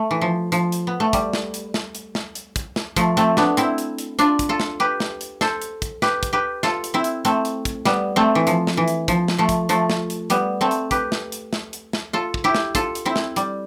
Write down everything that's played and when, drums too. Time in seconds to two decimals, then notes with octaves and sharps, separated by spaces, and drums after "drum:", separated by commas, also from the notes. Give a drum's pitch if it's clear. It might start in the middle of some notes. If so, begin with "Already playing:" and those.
Already playing: A3
0.11 E3
0.21 F3
0.52 F3, drum: hi-hat
0.72 drum: hi-hat
0.87 B3
1.00 A3
1.13 G3, drum: kick, hi-hat
1.33 drum: snare
1.54 drum: hi-hat
1.74 drum: snare
1.95 drum: hi-hat
2.15 drum: snare
2.35 drum: hi-hat
2.56 drum: kick, hi-hat
2.76 drum: snare
2.96 F3 A3, drum: kick, hi-hat
3.17 A3 C4, drum: hi-hat
3.37 B3 D4, drum: snare
3.57 C4 E4, drum: hi-hat
3.78 drum: hi-hat
3.98 drum: hi-hat
4.19 D4 F4, drum: hi-hat
4.39 drum: kick, hi-hat
4.49 F4 A4
4.60 drum: snare
4.80 G4 B4
5.00 drum: snare
5.21 drum: hi-hat
5.41 A4 C5, drum: snare
5.62 drum: hi-hat
5.82 drum: kick, hi-hat
6.02 G4 B4, drum: snare
6.23 drum: kick, hi-hat
6.33 G4 B4
6.63 F4 A4, drum: snare
6.84 drum: hi-hat
6.94 C4 E4
7.04 drum: hi-hat
7.25 A3 C4, drum: hi-hat
7.45 drum: hi-hat
7.65 drum: kick, hi-hat
7.85 G3 B3, drum: snare
8.16 A3 C4
8.35 E3
8.47 F3, drum: hi-hat
8.67 drum: snare
8.77 E3
8.88 drum: hi-hat
9.08 F3, drum: kick, hi-hat
9.28 drum: snare
9.38 F3 A3
9.49 drum: kick, hi-hat
9.69 F3 A3, drum: hi-hat
9.90 drum: snare
10.10 drum: hi-hat
10.30 G3 B3, drum: hi-hat
10.61 A3 C4
10.71 drum: hi-hat
10.91 G4 B4, drum: kick, hi-hat
11.12 drum: snare
11.32 drum: hi-hat
11.53 drum: snare
11.73 drum: hi-hat
11.93 drum: snare
12.13 F4 A4
12.34 drum: kick
12.44 E4 G4
12.55 drum: snare
12.75 F4 A4, drum: kick, hi-hat
12.95 drum: hi-hat
13.05 C4 E4
13.16 drum: snare
13.36 G3, drum: hi-hat